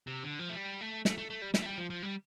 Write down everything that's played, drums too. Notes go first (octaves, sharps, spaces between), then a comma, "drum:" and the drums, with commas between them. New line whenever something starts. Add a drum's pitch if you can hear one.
C3
D3
F3
A3
G3
A3
A3, drum: snare
A3
A3
G3
G3, drum: snare
A3
G3
F3
F3
G3